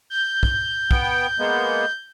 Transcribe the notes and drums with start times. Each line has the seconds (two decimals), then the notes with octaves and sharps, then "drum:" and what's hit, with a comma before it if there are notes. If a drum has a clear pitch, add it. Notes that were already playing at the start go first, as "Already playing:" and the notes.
0.10 G6
0.43 drum: kick
0.91 B3 G5, drum: kick
1.39 G#3 A#3 B3